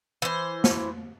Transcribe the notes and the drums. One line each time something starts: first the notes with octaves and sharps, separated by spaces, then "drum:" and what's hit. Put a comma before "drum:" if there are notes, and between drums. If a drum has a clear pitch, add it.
E3 C5
drum: snare